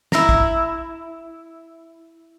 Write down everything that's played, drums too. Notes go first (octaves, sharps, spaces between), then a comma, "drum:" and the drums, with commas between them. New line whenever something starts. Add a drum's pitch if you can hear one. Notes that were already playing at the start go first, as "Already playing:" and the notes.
E4 A#5, drum: snare
drum: kick